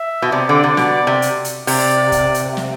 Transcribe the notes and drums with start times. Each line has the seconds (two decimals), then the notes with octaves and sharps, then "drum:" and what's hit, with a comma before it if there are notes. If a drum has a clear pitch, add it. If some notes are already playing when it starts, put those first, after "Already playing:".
Already playing: E5
0.22 B2
0.32 C3 D5
0.49 D3
0.63 C3
0.77 B2, drum: snare
1.07 C3
1.22 drum: hi-hat
1.45 drum: hi-hat
1.67 C3 D5, drum: open hi-hat
2.12 drum: kick, hi-hat
2.34 drum: hi-hat
2.57 drum: snare